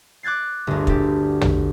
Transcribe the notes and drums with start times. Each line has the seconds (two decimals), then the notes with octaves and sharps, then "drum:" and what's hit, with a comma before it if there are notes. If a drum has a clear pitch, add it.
0.23 D6 F#6 G#6 A6 C7
0.67 G1 D2
0.87 G4 A4, drum: kick
1.41 drum: tom